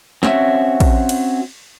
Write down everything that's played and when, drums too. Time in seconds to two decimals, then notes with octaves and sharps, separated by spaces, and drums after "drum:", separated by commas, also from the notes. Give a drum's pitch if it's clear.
0.23 C4 C#4 F#4 E5, drum: snare
0.80 drum: kick, cymbal
1.09 drum: cymbal